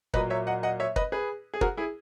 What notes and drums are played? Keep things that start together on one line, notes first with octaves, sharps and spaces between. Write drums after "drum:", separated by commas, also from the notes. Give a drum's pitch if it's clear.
A#2 F#3 A#3 B4 D#5, drum: kick
C#5 E5
D#5 F#5
D#5 F#5
C#5 E5
B4 D#5, drum: kick
G#4 B4
G#4
F#4 A#4, drum: kick
E4 G#4